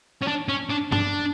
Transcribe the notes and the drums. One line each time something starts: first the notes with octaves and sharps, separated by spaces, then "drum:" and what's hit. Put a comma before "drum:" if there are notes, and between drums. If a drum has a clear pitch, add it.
C#4
D4
C#4
D4
D4, drum: tom G2